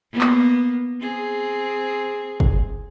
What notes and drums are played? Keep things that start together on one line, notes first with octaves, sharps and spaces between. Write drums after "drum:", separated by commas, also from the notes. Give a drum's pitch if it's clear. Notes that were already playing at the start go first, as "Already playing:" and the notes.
A#3 B3
drum: clap
C4 G#4
drum: kick